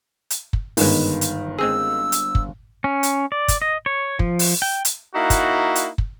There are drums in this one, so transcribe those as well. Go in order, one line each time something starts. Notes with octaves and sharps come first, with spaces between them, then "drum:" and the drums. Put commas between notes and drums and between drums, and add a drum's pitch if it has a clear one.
drum: hi-hat
drum: kick
G1 G#2 D#3 G#3 B4, drum: open hi-hat
drum: hi-hat
G#3 C4 G#4 E6
drum: hi-hat
drum: kick
C#4
drum: hi-hat
D5
drum: kick, hi-hat
D#5
C#5
F3, drum: kick
drum: open hi-hat
G5
drum: hi-hat
A#3 D#4 E4 F#4
drum: kick, hi-hat
drum: hi-hat
drum: kick